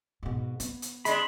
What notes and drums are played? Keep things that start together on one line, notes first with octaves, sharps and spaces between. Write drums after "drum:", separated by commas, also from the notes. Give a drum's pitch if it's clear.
G#2 B2
B3, drum: hi-hat
drum: hi-hat
G#3 D4 B5 C6, drum: hi-hat